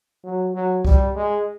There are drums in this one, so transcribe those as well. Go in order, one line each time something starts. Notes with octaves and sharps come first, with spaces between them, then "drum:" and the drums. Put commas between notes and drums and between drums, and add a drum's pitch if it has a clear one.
F#3
F#3
G3, drum: kick C2
G#3